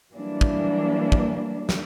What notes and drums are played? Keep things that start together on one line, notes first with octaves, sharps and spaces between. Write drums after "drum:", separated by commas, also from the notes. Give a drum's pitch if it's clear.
E3 F#3 G3 A#3 D4
drum: kick
drum: kick
drum: snare